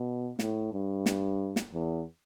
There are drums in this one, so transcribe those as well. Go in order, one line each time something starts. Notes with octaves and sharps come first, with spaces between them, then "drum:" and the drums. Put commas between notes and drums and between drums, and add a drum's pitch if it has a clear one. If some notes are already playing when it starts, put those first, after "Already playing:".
Already playing: B2
A2, drum: snare
G2
drum: snare
drum: snare
E2